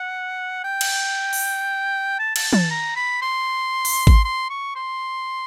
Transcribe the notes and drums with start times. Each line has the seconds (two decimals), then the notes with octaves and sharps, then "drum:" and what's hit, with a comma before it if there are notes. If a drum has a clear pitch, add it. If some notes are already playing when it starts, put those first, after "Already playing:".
Already playing: F#5
0.64 G5
0.81 drum: cymbal
1.33 drum: open hi-hat
2.19 A5
2.36 A5, drum: cymbal
2.53 A5, drum: tom
2.70 A#5
2.96 B5
3.22 C6
3.85 drum: open hi-hat
4.07 drum: kick G#1
4.25 C6
4.50 C#6
4.76 C6